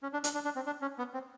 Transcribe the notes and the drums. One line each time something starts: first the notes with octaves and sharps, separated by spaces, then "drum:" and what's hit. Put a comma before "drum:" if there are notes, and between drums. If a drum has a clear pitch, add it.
C#4
D4
D4, drum: hi-hat
D4
D4
C4
D4
C#4
B3
C4